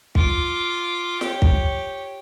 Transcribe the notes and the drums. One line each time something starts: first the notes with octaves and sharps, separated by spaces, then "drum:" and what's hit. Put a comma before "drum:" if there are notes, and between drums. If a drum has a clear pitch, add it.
F4 D6, drum: kick
G4 C#5, drum: snare
drum: kick